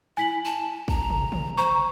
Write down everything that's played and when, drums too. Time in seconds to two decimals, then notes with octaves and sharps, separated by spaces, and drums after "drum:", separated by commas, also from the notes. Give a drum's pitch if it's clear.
0.17 E4 G#5 B6 F#7
0.45 A5
0.88 A#5, drum: kick
1.10 drum: tom
1.32 drum: tom
1.57 C5 A#5 C#6